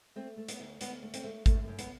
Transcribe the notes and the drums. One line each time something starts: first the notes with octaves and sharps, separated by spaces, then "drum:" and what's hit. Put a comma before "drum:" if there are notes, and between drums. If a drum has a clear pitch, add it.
A3 C4
A3
B3, drum: hi-hat
D2
D2 B3, drum: hi-hat
A3
C4, drum: hi-hat
A3
F#2 A3, drum: kick G#1, hi-hat
F#2
B3, drum: hi-hat